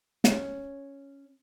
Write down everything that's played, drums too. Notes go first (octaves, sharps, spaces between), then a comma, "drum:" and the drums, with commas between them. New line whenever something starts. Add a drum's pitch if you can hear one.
C#4, drum: snare